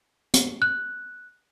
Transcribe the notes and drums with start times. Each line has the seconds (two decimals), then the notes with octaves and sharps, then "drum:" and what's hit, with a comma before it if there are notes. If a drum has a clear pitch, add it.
0.34 drum: hi-hat
0.62 F#6